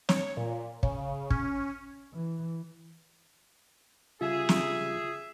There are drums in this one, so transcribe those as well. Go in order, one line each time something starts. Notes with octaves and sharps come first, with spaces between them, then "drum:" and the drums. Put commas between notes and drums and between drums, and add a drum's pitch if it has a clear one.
C#5, drum: snare
A#2
C#3, drum: kick
C#4, drum: kick
E3
C#3 G3 F4 G#4 E5
drum: snare